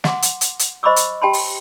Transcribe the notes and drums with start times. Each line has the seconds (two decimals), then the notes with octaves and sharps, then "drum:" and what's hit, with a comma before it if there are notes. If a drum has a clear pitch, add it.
0.04 F#5 C6 D6, drum: snare
0.22 drum: hi-hat
0.41 drum: hi-hat
0.59 drum: hi-hat
0.83 C5 D#5 B5 C#6 D6 E6
0.96 drum: hi-hat
1.22 G4 G5 A5 B5 C6
1.33 drum: open hi-hat